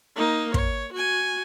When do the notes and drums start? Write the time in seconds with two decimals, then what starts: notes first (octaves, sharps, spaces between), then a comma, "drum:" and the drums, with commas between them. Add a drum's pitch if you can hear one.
0.16 A#3 D#4
0.54 C#5, drum: kick
0.93 F#4 G#5